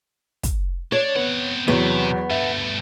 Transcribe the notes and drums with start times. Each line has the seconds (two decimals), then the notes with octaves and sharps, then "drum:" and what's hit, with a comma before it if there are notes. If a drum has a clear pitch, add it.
0.43 drum: kick, hi-hat
0.92 D4 C#5
1.16 B3 C4 F#5
1.68 E2 C3 F#3 B3
2.30 G2 A3 E5